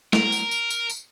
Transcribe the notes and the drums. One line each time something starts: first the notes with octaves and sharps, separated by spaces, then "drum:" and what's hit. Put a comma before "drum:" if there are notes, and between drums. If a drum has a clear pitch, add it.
A#4, drum: snare
drum: tambourine
drum: tambourine
drum: tambourine
drum: tambourine